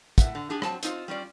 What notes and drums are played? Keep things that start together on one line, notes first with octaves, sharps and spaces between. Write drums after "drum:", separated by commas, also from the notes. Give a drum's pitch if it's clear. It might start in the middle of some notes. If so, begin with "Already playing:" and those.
A2 E5 F#5, drum: kick, hi-hat
D3
D4 G4 G#4
F#3 C4 C5 A5, drum: rim click
C4 D#4 F4 C5, drum: hi-hat
G3 C#4 F4 D5